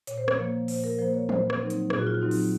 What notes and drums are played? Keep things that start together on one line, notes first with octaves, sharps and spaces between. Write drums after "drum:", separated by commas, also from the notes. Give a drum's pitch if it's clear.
A#2 C#5, drum: hi-hat
C5
C#5, drum: rim click
F3 A#3
A#2 C5, drum: open hi-hat
A#4
F3 A#3 C5
C#5
A#2 C5, drum: tom
drum: rim click
F#3 C4 D#4
drum: hi-hat
A#2 G#4, drum: rim click
F#4
F4
F#4
F#3 C4 D#4
drum: open hi-hat